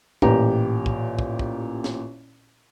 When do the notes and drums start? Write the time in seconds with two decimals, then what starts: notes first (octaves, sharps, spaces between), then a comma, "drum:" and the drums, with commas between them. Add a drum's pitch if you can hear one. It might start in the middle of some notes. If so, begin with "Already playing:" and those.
0.22 A1 A#2 G4 A#5, drum: kick
0.86 drum: kick
1.19 drum: kick
1.39 drum: kick
1.84 drum: snare